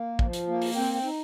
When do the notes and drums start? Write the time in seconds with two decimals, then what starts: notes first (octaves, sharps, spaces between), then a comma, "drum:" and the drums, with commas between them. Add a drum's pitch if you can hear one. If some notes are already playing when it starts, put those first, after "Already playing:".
Already playing: A#3
0.19 F3, drum: kick
0.33 drum: hi-hat
0.48 A#3
0.62 drum: open hi-hat
0.76 C4 G5
0.94 G5
1.03 D#4